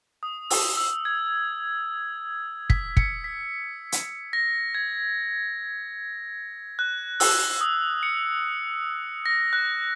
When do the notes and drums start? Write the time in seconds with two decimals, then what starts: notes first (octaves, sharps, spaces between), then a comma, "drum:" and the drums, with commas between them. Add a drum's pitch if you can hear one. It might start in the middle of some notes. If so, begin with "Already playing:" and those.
0.23 D#6
0.50 E6, drum: open hi-hat
0.77 E6
1.05 G#6
2.70 B6, drum: kick
2.97 C#7, drum: kick
3.24 B6
3.92 drum: hi-hat
4.33 A#6
4.75 G#6
6.79 F#6
7.20 E6, drum: open hi-hat
7.61 D#6
8.03 C#7
9.26 A#6
9.53 F#6